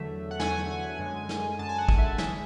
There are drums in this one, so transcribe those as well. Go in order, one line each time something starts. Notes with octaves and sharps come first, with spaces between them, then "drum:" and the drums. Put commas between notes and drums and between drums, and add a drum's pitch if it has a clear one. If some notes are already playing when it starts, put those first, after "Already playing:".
Already playing: E2 D3 F#3 A3 E5
F#5
E2 D3 F#3 A3 G#5, drum: snare
F#2 D3 G#3
drum: snare
F#2 D3 G#3 A5
G#5
F#5
drum: kick
E5
E3 G#3 E5, drum: snare